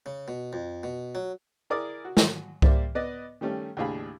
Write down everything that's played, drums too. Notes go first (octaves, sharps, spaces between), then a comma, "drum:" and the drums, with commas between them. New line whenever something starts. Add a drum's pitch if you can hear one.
C#3
B2
F2
B2
F#3
E4 G#4 A#4 D5 D6 D#6
F#4
drum: snare
G3 A#3 C5 D5 E5, drum: kick C2
B3 B4 D5 D#5
D#3 G3 A3 C#4
D#2 A2 D4 G#4 F5 B5